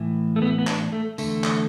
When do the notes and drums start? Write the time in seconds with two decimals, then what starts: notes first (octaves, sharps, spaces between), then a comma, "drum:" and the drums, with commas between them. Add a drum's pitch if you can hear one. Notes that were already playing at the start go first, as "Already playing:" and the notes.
Already playing: A2 E3
0.36 A3
0.42 B3
0.58 B3
0.67 D4, drum: clap
0.92 A3
1.18 E2 D3 A3, drum: tambourine
1.44 drum: clap